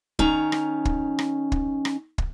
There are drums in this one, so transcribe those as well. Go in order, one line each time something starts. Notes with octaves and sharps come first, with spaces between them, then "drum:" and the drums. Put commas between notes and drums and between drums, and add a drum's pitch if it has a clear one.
D#3 C#4 A#5, drum: kick
drum: rim click
drum: kick
drum: rim click
drum: kick
drum: rim click
drum: kick